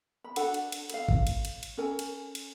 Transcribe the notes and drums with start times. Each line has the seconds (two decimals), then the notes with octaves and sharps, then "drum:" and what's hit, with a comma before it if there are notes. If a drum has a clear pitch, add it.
0.24 B5
0.36 D4 F#4 A4 F#5, drum: cymbal
0.54 drum: cymbal
0.72 drum: cymbal
0.90 A4 F5, drum: cymbal
1.09 drum: kick G#1
1.27 drum: cymbal
1.45 drum: cymbal
1.63 drum: cymbal
1.77 C#4 A4 A#4 G#5
1.99 drum: cymbal
2.35 drum: cymbal